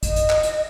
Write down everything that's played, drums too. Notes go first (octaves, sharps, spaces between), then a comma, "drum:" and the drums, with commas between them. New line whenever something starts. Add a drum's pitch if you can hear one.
D#5, drum: kick, hi-hat
drum: hi-hat
drum: clap
drum: hi-hat